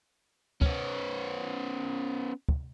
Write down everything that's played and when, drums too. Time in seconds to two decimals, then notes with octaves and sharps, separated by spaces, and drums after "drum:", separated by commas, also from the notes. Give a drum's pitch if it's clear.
0.62 B3 C#4, drum: kick
2.49 drum: kick